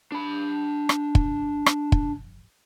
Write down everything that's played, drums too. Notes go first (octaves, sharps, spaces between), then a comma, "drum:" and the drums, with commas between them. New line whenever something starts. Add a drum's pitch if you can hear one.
D4 B5
drum: rim click
drum: kick
drum: rim click
drum: kick